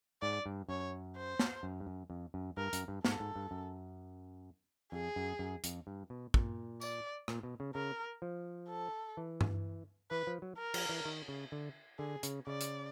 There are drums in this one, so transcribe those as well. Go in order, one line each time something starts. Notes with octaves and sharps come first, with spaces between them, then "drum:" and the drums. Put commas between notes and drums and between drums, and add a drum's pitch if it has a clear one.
G#2 D5
G2
F#2 C#5
C5
drum: snare
F#2
G2
F#2
F2
F#2
G2 A#4
F#2, drum: hi-hat
G2
G#2 A4, drum: snare
G#2
G2
F#2
F2 G#4
F#2
F#2
F2, drum: hi-hat
G2
B2
A#2, drum: kick
D5, drum: tambourine
A#2, drum: rim click
B2
C#3
C#3 A#4
F3
A4
E3
drum: tom G2
E3 B4
F3
F#3
A#4
F3, drum: cymbal
E3
D#3
C#3
D3
D3 G#4
C#3, drum: hi-hat
C#3 D5
drum: hi-hat